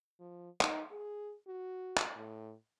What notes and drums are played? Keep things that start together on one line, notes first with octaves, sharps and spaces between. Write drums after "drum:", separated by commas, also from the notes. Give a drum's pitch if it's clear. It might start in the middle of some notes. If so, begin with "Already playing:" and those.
F3
D#4, drum: clap
G#4
F#4
drum: clap
A2